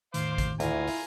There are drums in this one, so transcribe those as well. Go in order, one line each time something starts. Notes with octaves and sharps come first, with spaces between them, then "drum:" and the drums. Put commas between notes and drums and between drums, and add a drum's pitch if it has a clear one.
E2 A2 D#3 C5 F5 D6, drum: hi-hat
drum: kick A1, hi-hat
D2 E4 F4 G#5 A#5, drum: hi-hat
drum: open hi-hat